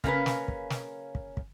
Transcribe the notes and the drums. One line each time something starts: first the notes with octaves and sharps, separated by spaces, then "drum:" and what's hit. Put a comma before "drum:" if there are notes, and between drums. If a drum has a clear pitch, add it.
C#3 A#3 C#4 E4 A#4 B4, drum: kick
drum: snare
drum: kick
drum: snare
drum: kick
drum: kick